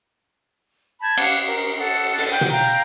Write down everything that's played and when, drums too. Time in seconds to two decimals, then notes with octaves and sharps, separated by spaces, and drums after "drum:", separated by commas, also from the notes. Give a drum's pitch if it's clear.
1.01 A5 B5 G6 G#6
1.18 F5 F#5 D6, drum: cymbal
1.47 A#4
1.79 A4 F#5
2.18 drum: open hi-hat
2.30 F#5 G5
2.41 drum: tom
2.51 F5 G5 A#5